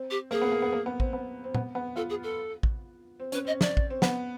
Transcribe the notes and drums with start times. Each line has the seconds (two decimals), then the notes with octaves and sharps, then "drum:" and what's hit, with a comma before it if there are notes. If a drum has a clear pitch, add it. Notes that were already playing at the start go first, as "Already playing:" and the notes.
Already playing: C4
0.11 G4
0.31 A#3 G#4
0.42 B3
0.52 A#3
0.62 B3
0.72 A#3
0.86 B3
1.00 C4, drum: kick A1
1.13 B3
1.44 C4
1.55 B3, drum: tom
1.75 B3
1.96 F4 A4
2.09 G#4
2.23 A4
2.63 drum: kick A1
3.20 C4
3.32 C#4 B4, drum: hi-hat
3.45 C4 D#5
3.61 D5, drum: snare
3.77 drum: kick A1
3.90 C4
4.02 B3, drum: snare